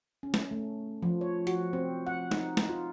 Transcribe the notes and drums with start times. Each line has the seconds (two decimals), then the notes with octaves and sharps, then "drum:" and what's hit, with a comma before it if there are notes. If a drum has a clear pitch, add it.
0.23 C#4
0.34 drum: snare
0.51 A3
1.03 F3
1.21 C#5
1.47 F#4, drum: hi-hat
1.73 C4
2.07 F#5
2.31 D#4, drum: snare
2.57 drum: snare
2.70 F4